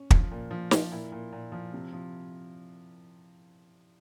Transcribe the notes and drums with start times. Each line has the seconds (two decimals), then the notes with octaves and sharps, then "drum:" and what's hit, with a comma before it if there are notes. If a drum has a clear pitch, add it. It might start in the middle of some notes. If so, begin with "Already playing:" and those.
Already playing: C#4
0.11 F3, drum: kick
0.31 A#2
0.51 F3
0.71 F3, drum: snare
0.92 A#2 E4
1.12 A#2
1.32 A#2
1.52 F3
1.73 C3
1.93 F3